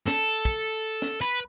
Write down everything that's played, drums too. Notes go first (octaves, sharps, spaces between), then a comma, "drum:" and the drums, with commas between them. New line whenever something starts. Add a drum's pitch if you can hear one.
A4, drum: snare
drum: kick
drum: snare
B4